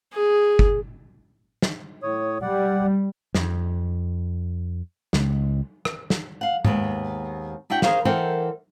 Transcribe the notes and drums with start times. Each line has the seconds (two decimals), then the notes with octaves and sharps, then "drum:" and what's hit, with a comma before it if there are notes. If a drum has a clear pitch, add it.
0.13 G#4
0.59 drum: kick
1.62 drum: snare
2.03 A2 C#5 D#6
2.42 G3 D5 F#5
3.35 F2, drum: snare
5.13 C#2, drum: snare
5.85 drum: rim click
6.10 drum: snare
6.41 F5 F#5
6.65 D#2 G#2 B3, drum: tom G#2
7.70 D4 E4 F#4 F#5 G5
7.82 G#4 A#4 C5 C#5 F5, drum: snare
8.05 E3 A4 A#4 C5 F#5 G5